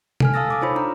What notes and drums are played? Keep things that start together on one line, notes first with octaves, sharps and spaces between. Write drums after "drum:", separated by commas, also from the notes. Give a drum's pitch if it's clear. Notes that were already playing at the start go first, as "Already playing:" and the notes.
A4 G#5 F6, drum: tom C3
F5 A5 D#6 E6 A6 A#6
A4 D6 D#6
D#4 F4 C5 C#5 B5
D4 D#4 A#5